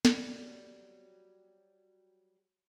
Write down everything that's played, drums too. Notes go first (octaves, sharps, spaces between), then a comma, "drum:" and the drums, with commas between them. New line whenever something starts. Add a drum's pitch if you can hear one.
F#3 G3, drum: snare